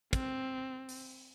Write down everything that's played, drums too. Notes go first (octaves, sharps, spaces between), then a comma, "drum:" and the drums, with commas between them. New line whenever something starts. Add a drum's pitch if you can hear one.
C4, drum: kick, hi-hat
drum: open hi-hat